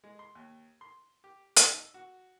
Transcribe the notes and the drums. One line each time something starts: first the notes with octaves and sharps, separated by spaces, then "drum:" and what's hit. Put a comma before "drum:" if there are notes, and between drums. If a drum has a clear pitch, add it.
G#3
C6
D#2
C6
G4
D#4, drum: hi-hat
E6
F#4